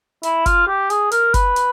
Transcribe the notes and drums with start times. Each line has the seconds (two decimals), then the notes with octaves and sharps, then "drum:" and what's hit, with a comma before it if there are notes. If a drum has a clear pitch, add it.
0.23 E4, drum: hi-hat
0.46 F4, drum: kick F#1, hi-hat
0.68 G4
0.90 G#4, drum: hi-hat
1.11 A#4, drum: hi-hat
1.34 B4, drum: kick F#1, hi-hat
1.56 drum: hi-hat